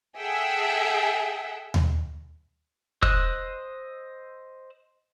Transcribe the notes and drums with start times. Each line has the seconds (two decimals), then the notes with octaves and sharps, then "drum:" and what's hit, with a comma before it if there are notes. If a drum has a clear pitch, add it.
0.19 G#4 A4 E5 F#5 G5
1.74 drum: tom D#2
3.02 C5 D#5 E6 F#6, drum: kick